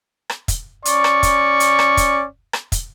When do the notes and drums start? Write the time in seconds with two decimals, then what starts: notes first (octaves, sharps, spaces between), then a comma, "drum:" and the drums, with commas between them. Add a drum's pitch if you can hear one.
0.30 drum: rim click
0.48 drum: kick, hi-hat
0.85 C#4 D5 C#6, drum: hi-hat
1.04 drum: rim click
1.23 drum: kick, hi-hat
1.60 drum: hi-hat
1.79 drum: rim click
1.97 drum: kick, hi-hat
2.53 drum: rim click
2.72 drum: kick, hi-hat